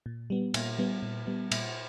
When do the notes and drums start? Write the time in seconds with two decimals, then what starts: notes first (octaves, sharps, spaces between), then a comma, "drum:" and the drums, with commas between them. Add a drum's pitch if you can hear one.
0.06 A#2
0.30 G3 B3
0.54 A#2, drum: cymbal
0.78 G3 B3
1.03 A#2
1.27 G3 B3
1.51 A#2, drum: cymbal